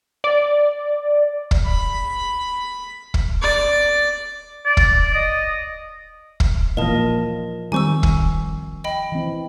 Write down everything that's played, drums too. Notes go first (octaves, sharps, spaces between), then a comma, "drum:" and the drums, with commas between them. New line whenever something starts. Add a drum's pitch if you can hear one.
D5
drum: kick
B5
drum: kick
D5
D5
drum: kick
D#5
drum: kick
A#2 E3 F3 A#3 F4 A#4 D#5 A5
D#3 G3 C4 G#5 C#6 E6
drum: kick
D#5 G5 B5
E3 C4